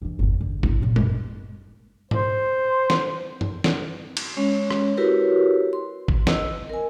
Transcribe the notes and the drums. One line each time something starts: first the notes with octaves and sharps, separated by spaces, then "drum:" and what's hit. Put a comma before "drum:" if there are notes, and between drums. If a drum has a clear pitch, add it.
G2 E3
G1 E2
D3
G1 E4, drum: kick G#1
A#2 F#3
F#2, drum: tom
C5, drum: tom G#2
drum: snare
drum: tom G2
drum: snare
drum: cymbal
G#3 C#4 C#5
drum: rim click
E4 F#4 G4 A#4 B4 C#5
C6
drum: kick G#1
D#5 E6, drum: snare
A#4 G#5